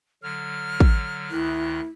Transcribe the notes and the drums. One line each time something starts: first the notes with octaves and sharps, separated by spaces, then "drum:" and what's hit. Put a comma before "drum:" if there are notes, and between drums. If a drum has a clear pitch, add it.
D3 F#3 F6
drum: kick
D2 D#3 E4 F#6